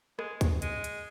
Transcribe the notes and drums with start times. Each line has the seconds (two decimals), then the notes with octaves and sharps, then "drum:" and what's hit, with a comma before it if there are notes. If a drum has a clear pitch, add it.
0.19 G#3, drum: rim click
0.41 drum: kick, hi-hat
0.62 G#3, drum: hi-hat
0.84 drum: hi-hat